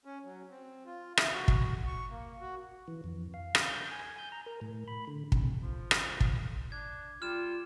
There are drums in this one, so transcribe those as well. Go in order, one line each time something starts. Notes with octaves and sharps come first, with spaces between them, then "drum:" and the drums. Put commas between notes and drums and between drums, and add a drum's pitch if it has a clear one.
C#4
F#3
C4
F4
E4, drum: rim click
F#4
drum: kick
C#6
A#3
F#4
E3
F2
F5
drum: rim click
G6
G#5
G6
A#5
A#4
A2
B5
D3
C3, drum: kick
F3
drum: rim click
drum: kick
D4 G#6
G3 F4 F6 E7